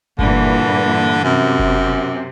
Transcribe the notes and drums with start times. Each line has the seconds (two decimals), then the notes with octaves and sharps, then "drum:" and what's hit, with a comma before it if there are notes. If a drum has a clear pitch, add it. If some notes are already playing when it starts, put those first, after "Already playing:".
0.19 G2 A#2 D3 E3, drum: kick F#1
1.24 F#2 C3
1.59 drum: kick F#1